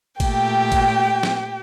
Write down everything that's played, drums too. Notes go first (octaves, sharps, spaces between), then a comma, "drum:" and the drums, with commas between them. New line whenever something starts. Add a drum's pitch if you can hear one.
A#2 A3 G4 G5, drum: kick G#1, cymbal
drum: kick G#1, cymbal
drum: snare